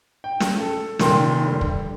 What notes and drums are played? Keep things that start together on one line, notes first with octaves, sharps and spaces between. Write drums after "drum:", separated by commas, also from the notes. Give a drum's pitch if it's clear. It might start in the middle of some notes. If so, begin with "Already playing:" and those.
G5
drum: snare
A4
F1 A#2 D#3 G5 C6, drum: snare
D3 G3
drum: kick